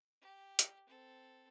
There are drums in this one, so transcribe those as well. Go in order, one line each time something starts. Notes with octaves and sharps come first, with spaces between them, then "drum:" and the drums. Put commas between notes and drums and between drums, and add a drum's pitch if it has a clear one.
G4
drum: hi-hat
C4 A4